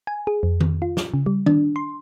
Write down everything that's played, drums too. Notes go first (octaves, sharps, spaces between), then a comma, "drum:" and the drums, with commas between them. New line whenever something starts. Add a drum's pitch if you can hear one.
G#5
G#4
F2
drum: tom D#3
F4
drum: snare
C#3
G3
D4, drum: tom D#3
C6